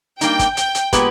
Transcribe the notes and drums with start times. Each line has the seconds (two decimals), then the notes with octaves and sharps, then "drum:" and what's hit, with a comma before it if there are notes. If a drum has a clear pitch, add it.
0.21 G3 A#3 D#4 G5, drum: hi-hat
0.39 drum: kick, hi-hat
0.57 G5, drum: hi-hat
0.75 drum: hi-hat
0.93 A#2 G#3 B3 G4 B4, drum: kick, hi-hat